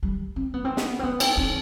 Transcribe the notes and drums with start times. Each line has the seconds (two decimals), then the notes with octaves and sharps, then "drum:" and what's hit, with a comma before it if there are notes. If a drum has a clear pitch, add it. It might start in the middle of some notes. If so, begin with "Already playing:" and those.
0.03 G3
0.36 C4
0.54 B3
0.65 C4
0.77 B3, drum: snare
0.99 C4
1.03 B3
1.20 C4, drum: cymbal
1.37 C4